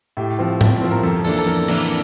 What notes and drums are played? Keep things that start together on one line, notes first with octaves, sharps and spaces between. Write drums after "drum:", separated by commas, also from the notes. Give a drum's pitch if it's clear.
A2 G4
F3 C4
A2, drum: tom G#2
F3 C4
A#4
F2 A4
E3 A#3 D4 A4, drum: open hi-hat
A4
F2 A#4
E3 A#3 D4, drum: cymbal